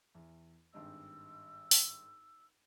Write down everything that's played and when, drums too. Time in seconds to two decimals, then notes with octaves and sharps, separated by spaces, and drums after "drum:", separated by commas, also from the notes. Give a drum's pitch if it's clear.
0.15 E2
0.73 G#1 G2 D#5 E6
1.71 drum: open hi-hat